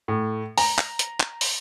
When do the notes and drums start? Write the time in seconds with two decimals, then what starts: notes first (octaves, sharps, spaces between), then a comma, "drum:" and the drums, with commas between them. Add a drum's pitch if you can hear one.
0.08 A2
0.58 A#5, drum: open hi-hat
0.78 drum: clap
0.99 drum: hi-hat
1.20 drum: clap
1.41 drum: open hi-hat